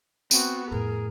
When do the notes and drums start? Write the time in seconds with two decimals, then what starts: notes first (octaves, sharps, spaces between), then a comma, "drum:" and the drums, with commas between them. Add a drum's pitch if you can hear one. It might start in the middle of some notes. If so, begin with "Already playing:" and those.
0.31 B3 C4 F#4, drum: tambourine
0.71 F2 A2 G#4 A#4